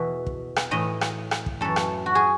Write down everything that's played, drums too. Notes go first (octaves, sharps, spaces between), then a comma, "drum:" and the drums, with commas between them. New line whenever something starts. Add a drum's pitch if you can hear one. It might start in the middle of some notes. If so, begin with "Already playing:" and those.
Already playing: E2 B2 E5
drum: kick
drum: rim click
A2 E3 D#5
drum: rim click
drum: rim click
drum: kick
F#2 E3 A4
drum: rim click
F#4
G#4